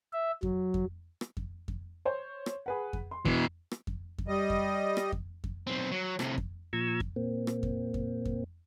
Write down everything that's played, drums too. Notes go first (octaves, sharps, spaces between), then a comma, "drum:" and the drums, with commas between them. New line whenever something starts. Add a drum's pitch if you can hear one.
E5
F#3, drum: kick F2
drum: kick F2
drum: rim click
drum: kick F2
drum: kick F2
C5 C#5
drum: rim click
G#4 B4 F#5
drum: kick F2
C6
B2 E3, drum: kick F2
drum: rim click
drum: kick F2
drum: kick F2
G3 D#5
drum: kick F2
drum: rim click
drum: kick F2
drum: kick F2
B1 C4
F#3
A2 C3, drum: rim click
drum: kick F2
A#2 F3 A#5 C#6 E6 G#6
drum: kick F2
A#2 A#3 C4
drum: rim click
drum: kick F2
drum: kick F2
drum: kick F2